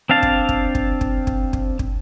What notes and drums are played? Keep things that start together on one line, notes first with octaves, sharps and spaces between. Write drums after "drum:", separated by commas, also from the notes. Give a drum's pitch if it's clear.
C4 D4 F5 A5
drum: kick
drum: kick
drum: kick
drum: kick
drum: kick
drum: kick
drum: kick